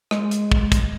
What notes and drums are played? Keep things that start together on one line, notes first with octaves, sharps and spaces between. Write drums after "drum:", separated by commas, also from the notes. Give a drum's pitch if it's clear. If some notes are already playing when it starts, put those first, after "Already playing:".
G#3, drum: rim click
drum: hi-hat
drum: kick
drum: kick, hi-hat